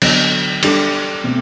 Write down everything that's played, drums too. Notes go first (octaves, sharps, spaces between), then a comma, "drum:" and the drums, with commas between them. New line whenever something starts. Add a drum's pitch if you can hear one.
D3 F#3 B3 F#4, drum: cymbal
G3 D4 A4, drum: cymbal
B2 A3 C4